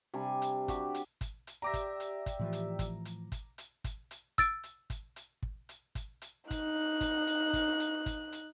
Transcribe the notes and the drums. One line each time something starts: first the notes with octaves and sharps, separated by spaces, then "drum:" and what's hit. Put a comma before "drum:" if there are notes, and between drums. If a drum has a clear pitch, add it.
C3 G3 D4 G#5
drum: hi-hat
D4 F#4 G4, drum: kick, hi-hat
drum: hi-hat
drum: kick, hi-hat
drum: hi-hat
G4 D5 E5 A#5 D6 E6 A#6
drum: kick, hi-hat
drum: hi-hat
drum: kick, hi-hat
A2 E3 F3
drum: hi-hat
drum: kick, hi-hat
drum: hi-hat
drum: kick, hi-hat
drum: hi-hat
drum: kick, hi-hat
drum: hi-hat
E6 A6 D7, drum: kick, hi-hat
drum: hi-hat
drum: kick, hi-hat
drum: hi-hat
drum: kick
drum: hi-hat
drum: kick, hi-hat
drum: hi-hat
D#4 F#6, drum: kick, hi-hat
drum: kick, hi-hat
drum: hi-hat
drum: kick, hi-hat
drum: hi-hat
drum: kick, hi-hat
drum: hi-hat